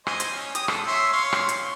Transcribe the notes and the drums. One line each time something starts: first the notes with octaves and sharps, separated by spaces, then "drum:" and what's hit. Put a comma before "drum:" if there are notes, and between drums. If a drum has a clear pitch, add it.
C5 D#5 G#5, drum: rim click
drum: hi-hat
C#4
G4 D#6, drum: hi-hat
A4, drum: rim click
C#5 E5 C6
C#5 F5 C6
drum: rim click
drum: hi-hat